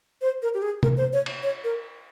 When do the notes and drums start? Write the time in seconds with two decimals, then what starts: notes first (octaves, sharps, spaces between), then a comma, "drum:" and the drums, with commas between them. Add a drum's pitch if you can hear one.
0.21 C5
0.42 A#4
0.54 G4
0.62 G#4
0.83 A#4, drum: tom
0.97 C5
1.13 C#5
1.26 drum: cymbal
1.43 C#5
1.64 A#4